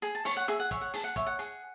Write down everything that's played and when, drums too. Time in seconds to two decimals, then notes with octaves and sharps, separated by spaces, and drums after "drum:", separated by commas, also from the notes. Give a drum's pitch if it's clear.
0.02 G#4 G#5, drum: hi-hat
0.15 A5
0.25 C#5 C#6, drum: open hi-hat
0.37 F#5
0.48 G#4 E5, drum: snare
0.60 F#5
0.71 C#5 E5, drum: kick, hi-hat
0.81 F#5
0.94 G#4 A5, drum: open hi-hat
1.04 F#5
1.16 C#5 E5, drum: kick, hi-hat
1.27 F#5
1.39 G#4, drum: hi-hat